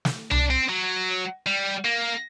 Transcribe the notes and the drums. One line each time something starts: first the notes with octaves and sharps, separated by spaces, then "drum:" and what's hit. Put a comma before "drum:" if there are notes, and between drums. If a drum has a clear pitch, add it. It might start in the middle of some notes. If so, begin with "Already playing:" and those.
drum: snare
D4, drum: tom C2
C4
F#3
G3
A#3